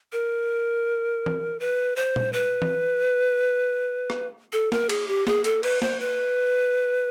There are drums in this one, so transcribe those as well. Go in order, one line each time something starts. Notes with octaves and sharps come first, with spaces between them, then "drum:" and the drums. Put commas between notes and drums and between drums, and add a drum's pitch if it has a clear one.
A#4
drum: tom E3
B4
C5
drum: tom A#2
B4
drum: tom E3
drum: rim click
A4
A#4, drum: snare
G#4, drum: cymbal
G4
G#4, drum: snare
A4, drum: hi-hat
B4, drum: cymbal
C5, drum: snare
B4